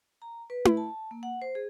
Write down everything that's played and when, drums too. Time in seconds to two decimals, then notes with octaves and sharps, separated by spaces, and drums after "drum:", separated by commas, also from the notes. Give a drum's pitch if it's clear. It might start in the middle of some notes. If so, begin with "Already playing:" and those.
0.22 A#5
0.50 B4
0.65 drum: tom E4
0.77 A5
1.11 A#3
1.23 F#5
1.42 C5
1.55 G#4